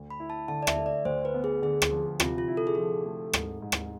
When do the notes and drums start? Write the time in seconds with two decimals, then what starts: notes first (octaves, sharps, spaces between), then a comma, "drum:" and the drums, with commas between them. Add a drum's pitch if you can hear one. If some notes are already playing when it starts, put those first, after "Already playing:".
Already playing: D2
0.10 B5
0.20 E4
0.30 A5
0.48 D3 A5
0.63 D5
0.67 E5, drum: rim click
0.76 A3
0.86 D5
1.05 D2 C5
1.25 B4
1.34 B3
1.44 G#4
1.62 D3 G#4
1.82 drum: rim click
1.91 F3
2.20 C3 F4, drum: rim click
2.38 F4
2.48 E4
2.57 A4
2.67 G#4
2.75 F3 A4
3.05 A3
3.33 G#2, drum: rim click
3.62 G#2
3.72 drum: rim click